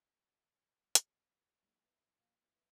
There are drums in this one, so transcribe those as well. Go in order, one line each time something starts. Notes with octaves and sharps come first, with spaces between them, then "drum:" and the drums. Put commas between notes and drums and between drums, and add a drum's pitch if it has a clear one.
drum: hi-hat
D5
E2 F#3 G#3 A#3 D4 D#4
F#3 B3 E4
B2 F3 A#3 F#4 F5 G5
E3 G#3 B3